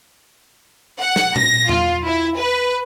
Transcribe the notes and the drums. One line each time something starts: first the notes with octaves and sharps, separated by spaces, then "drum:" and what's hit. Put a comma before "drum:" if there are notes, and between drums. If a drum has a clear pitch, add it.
F#5
drum: snare
A#6, drum: tom A#2
F4, drum: tom
E4
B4